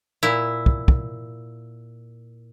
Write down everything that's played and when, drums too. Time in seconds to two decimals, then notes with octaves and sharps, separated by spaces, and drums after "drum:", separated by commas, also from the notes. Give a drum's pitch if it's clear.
0.23 A#2 E4
0.66 drum: kick
0.88 drum: kick